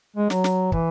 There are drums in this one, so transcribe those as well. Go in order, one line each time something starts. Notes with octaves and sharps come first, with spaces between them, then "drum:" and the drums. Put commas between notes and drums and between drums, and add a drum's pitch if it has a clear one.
G#3
F#3, drum: snare
drum: snare
E3, drum: kick